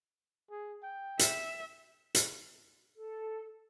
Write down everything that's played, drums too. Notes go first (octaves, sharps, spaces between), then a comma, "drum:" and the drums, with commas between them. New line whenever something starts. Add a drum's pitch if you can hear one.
G#4
G5
E5, drum: hi-hat
drum: hi-hat
A4